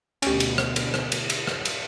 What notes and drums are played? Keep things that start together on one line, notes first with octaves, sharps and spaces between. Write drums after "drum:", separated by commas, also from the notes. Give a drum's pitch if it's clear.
D2 B2 C#4 G4, drum: cymbal
drum: cymbal
drum: rim click
drum: cymbal
drum: rim click
drum: cymbal
drum: cymbal
drum: rim click
drum: cymbal